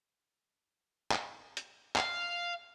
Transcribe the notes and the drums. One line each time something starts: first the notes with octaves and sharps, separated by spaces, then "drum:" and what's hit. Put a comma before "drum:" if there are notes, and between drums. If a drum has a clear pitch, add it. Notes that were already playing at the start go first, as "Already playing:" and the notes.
drum: clap
drum: hi-hat
F5, drum: clap